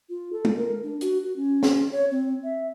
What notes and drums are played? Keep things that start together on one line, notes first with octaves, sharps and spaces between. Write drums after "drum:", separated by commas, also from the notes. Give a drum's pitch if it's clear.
F4
A4
drum: tom G#3
A#4
D4
F#4, drum: hi-hat
F#4
C#4
drum: snare
C#5
C4
E5